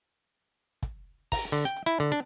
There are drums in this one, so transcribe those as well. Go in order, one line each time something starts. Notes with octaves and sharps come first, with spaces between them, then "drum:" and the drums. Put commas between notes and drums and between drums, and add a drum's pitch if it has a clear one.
drum: kick, hi-hat
A#5, drum: kick, open hi-hat
D3
G5
drum: hi-hat
E4
D3
D4